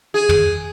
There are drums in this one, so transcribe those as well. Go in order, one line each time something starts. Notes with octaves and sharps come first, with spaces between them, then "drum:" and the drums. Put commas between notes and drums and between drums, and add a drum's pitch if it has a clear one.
G#4
drum: tom